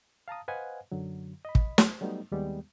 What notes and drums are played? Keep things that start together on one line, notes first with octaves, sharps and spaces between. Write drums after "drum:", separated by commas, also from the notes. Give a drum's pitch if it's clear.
F5 A5 A#5 D#6
B4 C5 D#5 F5 F#5 G#5
F#2 D3 F#3
D#5 B5
drum: kick
drum: snare
F#3 G3 A3 B3 D#4
D#2 G3 G#3 B3